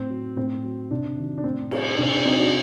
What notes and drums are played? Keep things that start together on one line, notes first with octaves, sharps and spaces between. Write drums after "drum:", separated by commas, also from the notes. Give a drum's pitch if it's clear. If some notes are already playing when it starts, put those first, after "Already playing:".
Already playing: A2 C4
F#3
A2 C4
F#3
C3 D4
D#3 F#3
D4
A2 C4
F#3, drum: cymbal
C3 D4
D4
F#3 C4 D#4
D4 F#4